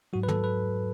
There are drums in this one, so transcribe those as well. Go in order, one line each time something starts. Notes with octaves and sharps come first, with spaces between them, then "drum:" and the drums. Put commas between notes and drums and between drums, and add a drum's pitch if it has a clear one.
G#2 F#3 F#4
B4
A4, drum: tom
B4